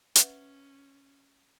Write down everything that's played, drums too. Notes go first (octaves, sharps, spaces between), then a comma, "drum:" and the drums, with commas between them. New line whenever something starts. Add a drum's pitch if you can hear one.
C#4 B4 E5 F#5, drum: hi-hat